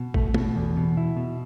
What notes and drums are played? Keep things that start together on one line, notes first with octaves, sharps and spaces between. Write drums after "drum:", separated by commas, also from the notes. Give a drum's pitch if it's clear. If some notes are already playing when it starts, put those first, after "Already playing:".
Already playing: B2
A3, drum: kick A1
B2, drum: tom
E2
B2
E4
B2